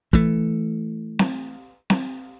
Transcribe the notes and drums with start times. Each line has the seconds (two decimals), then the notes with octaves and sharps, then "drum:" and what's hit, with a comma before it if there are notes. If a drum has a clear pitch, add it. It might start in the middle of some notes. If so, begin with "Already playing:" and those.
0.13 E3 A3, drum: kick
1.19 drum: snare C4
1.90 drum: snare C4